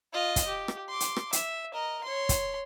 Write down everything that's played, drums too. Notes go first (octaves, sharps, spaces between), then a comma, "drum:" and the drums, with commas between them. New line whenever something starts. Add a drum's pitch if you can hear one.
F4 D#5
drum: kick, hi-hat
G4
drum: rim click
C6 D6
drum: hi-hat
drum: rim click
E5, drum: hi-hat
A#4 D#5
C#5 C6
drum: kick, hi-hat